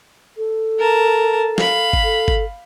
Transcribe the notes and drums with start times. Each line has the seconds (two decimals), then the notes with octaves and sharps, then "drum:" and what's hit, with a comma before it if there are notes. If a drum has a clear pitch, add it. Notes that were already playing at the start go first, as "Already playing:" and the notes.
0.37 A4
0.80 A#4 A5
1.58 F5 B5, drum: snare
1.93 drum: kick G1
2.04 A4
2.28 drum: kick G1